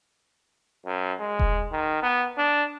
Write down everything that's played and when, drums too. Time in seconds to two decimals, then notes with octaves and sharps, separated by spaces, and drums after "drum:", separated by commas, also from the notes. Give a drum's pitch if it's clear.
0.86 F#2
1.20 G#3
1.39 drum: kick E1
1.72 D#3
2.02 B3
2.38 D4